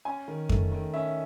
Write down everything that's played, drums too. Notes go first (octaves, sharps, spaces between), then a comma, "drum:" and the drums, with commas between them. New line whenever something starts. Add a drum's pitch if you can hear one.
C#4 G#5
D#3
A3, drum: kick F2
D#3
C#4 E5